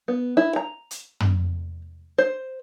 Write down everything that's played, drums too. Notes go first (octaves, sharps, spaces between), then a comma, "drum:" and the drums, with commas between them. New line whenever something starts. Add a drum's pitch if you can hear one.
B3
E4
A#5
drum: hi-hat
drum: tom
C5